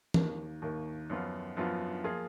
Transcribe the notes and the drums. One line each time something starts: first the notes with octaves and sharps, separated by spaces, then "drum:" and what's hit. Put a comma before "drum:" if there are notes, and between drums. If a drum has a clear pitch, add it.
D#2 D#3 A#3, drum: tom
D#2 D#3 A#3
F#2 F3 B3 F4
F#2 F3 B3 F4
F3 A#3 F4 G#4